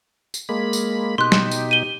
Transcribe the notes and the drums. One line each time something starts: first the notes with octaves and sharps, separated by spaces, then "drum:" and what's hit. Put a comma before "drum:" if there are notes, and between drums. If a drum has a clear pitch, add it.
drum: tambourine
G#3 A#3 B5
drum: tambourine
B2 D#4 G4 C6 F#6
drum: snare
drum: tambourine
D#7 G7